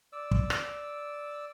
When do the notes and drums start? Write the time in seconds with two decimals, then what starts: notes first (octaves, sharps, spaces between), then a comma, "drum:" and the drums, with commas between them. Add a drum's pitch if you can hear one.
0.13 D5 E6
0.31 drum: kick
0.50 drum: rim click